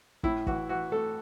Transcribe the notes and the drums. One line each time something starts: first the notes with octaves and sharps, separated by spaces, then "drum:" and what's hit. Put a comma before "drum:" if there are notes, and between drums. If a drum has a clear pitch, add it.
A2 E4, drum: kick
E3 F#4, drum: kick
E3 F#4
A3 A4